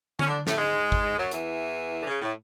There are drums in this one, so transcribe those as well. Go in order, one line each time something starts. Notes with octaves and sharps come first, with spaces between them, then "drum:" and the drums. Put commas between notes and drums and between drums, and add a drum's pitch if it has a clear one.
C#4, drum: tom D3
D3 D4
A2 A3, drum: snare
G#2 G#3
drum: kick G#1
F#2 F#3
E2 E3, drum: hi-hat
D3
C#3
A2